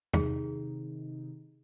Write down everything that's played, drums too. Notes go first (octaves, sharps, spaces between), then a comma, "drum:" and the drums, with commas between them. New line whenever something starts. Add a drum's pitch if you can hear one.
C3 D#3 D#4 G#4, drum: tom